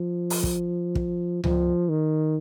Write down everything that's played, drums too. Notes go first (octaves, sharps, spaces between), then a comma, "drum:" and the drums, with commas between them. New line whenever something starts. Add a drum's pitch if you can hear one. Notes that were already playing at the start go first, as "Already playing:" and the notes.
Already playing: F3
drum: open hi-hat
drum: kick
drum: kick
F3, drum: tom C#2
D#3